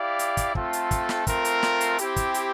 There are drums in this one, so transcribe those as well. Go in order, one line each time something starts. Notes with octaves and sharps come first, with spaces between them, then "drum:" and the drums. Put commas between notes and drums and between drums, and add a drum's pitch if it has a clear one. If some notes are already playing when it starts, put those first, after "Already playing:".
Already playing: E4 G4 D5 F5
drum: hi-hat
drum: kick, hi-hat
A3 C4 F4 A4, drum: kick
drum: hi-hat
drum: kick, hi-hat
drum: snare
A3 C4 F4 A#4, drum: kick, hi-hat
drum: hi-hat
drum: snare
drum: hi-hat
C4 E4 G4, drum: hi-hat
drum: kick, hi-hat
drum: hi-hat